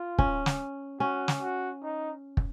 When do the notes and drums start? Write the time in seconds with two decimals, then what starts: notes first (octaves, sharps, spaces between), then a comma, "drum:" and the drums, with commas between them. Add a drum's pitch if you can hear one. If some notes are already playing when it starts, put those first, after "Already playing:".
Already playing: F4
0.19 C#4, drum: kick
0.46 drum: snare
1.00 C#4 F#4
1.28 drum: snare
1.41 F#4
1.83 D#4
2.37 drum: kick